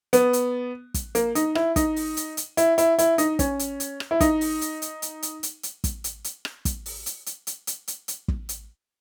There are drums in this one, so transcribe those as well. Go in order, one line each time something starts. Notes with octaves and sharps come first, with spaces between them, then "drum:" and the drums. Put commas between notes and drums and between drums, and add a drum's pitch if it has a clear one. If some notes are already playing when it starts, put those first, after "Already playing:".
B3, drum: hi-hat
drum: hi-hat
drum: kick, hi-hat
A#3, drum: hi-hat
D#4, drum: hi-hat
E4, drum: rim click
D#4, drum: kick, hi-hat
drum: open hi-hat
drum: hi-hat
drum: hi-hat
E4, drum: hi-hat
E4, drum: hi-hat
E4, drum: hi-hat
D#4, drum: hi-hat
C#4, drum: kick, hi-hat
drum: hi-hat
drum: hi-hat
drum: rim click
E4
D#4, drum: kick, hi-hat
drum: open hi-hat
drum: hi-hat
drum: hi-hat
drum: hi-hat
drum: hi-hat
drum: hi-hat
drum: hi-hat
drum: kick, hi-hat
drum: hi-hat
drum: hi-hat
drum: rim click
drum: kick, hi-hat
drum: open hi-hat
drum: hi-hat
drum: hi-hat
drum: hi-hat
drum: hi-hat
drum: hi-hat
drum: hi-hat
drum: kick
drum: hi-hat